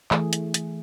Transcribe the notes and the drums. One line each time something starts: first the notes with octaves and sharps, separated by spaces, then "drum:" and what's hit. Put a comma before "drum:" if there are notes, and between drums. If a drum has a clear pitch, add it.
E3 A3 G#4, drum: clap
drum: hi-hat
drum: hi-hat